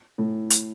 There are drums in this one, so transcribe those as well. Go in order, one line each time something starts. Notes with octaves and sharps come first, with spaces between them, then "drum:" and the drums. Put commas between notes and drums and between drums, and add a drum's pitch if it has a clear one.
A2
drum: hi-hat